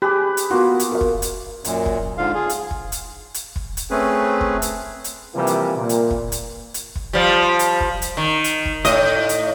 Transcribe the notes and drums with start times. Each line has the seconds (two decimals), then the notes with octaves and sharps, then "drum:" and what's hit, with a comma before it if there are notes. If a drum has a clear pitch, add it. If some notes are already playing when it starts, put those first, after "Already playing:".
0.02 G4 G#4 B4
0.37 drum: hi-hat
0.50 A#3 B3 F4 F#4
0.80 drum: hi-hat
0.92 A#4 F5
1.01 drum: kick
1.22 drum: hi-hat
1.65 F#2 A#2, drum: hi-hat
1.86 drum: kick
2.18 G#2 D3 F4 F5
2.35 F4 G#4
2.49 drum: hi-hat
2.71 drum: kick
2.92 drum: hi-hat
3.34 drum: hi-hat
3.56 drum: kick
3.77 drum: hi-hat
3.91 A3 C4 C#4 G#4 B4
4.41 drum: kick
4.62 drum: hi-hat
5.04 drum: hi-hat
5.35 C3 E3 F3 G3 A#3
5.47 drum: hi-hat
5.77 A#2
5.89 drum: hi-hat
6.11 drum: kick
6.32 drum: hi-hat
6.74 drum: hi-hat
6.95 drum: kick
7.13 F3 G3
7.59 drum: hi-hat
7.80 drum: kick
8.02 drum: hi-hat
8.17 D#3
8.44 drum: hi-hat
8.65 drum: kick
8.85 A2 D#5, drum: hi-hat
9.29 drum: hi-hat